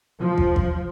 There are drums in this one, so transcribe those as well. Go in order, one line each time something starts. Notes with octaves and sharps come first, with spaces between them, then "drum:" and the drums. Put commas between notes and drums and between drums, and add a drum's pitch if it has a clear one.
F3
drum: kick
drum: kick